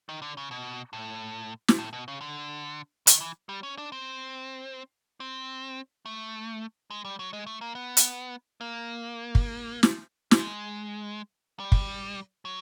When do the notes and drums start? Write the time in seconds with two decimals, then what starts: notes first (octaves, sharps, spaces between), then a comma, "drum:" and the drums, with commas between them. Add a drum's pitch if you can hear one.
0.09 D#3
0.22 D3
0.37 C#3
0.51 B2
0.93 A2
1.68 drum: snare
1.78 A2
1.93 B2
2.08 C#3
2.21 D3
3.07 D#3, drum: hi-hat
3.21 E3
3.49 G3
3.63 C#4
3.78 D4
3.92 C4
5.20 C4
6.06 A3
6.90 G#3
7.05 G3
7.19 F#3
7.33 G#3
7.47 A3
7.61 A#3
7.75 B3
7.97 drum: hi-hat
8.61 A#3
9.35 drum: kick
9.83 drum: snare
10.31 G#3, drum: snare
11.60 G3
11.72 drum: kick
12.45 F#3